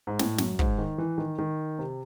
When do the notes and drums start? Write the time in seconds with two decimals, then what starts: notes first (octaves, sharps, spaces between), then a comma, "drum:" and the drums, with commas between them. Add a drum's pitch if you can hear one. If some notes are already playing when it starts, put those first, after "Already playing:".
0.07 G#2
0.19 A2, drum: snare
0.38 F#2, drum: snare
0.59 G#2, drum: kick
0.78 D#3
0.98 E3
1.18 D#3
1.39 D#3
1.79 C3